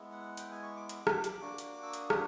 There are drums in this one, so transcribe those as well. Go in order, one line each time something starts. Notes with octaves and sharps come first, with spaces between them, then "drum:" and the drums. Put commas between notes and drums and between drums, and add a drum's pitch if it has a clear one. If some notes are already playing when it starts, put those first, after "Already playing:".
Already playing: G#3 B3 E4
F#5
G5, drum: hi-hat
G#5
C#6
D6
drum: hi-hat
drum: rim click
drum: hi-hat
A#3 D4 F#4
drum: hi-hat
E6
D#6, drum: hi-hat
drum: rim click